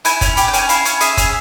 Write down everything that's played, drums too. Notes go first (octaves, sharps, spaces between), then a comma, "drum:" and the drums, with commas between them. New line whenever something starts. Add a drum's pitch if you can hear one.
E4 G#5, drum: hi-hat
C#4 G#5, drum: kick, hi-hat
G4, drum: hi-hat
G5
C#4, drum: hi-hat
G#5
E4 F5, drum: hi-hat
C#4, drum: hi-hat
G#4 E5, drum: hi-hat
C#4, drum: kick, hi-hat